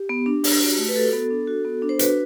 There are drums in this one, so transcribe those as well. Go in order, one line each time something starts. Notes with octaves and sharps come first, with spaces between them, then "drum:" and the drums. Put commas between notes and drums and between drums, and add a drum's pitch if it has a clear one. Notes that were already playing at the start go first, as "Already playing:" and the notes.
Already playing: G4
B3
D4
D4, drum: open hi-hat
F#4
A3
B4
F#4 A4
B3
D4
F#4
B3
D4
C5
F#4 B4, drum: hi-hat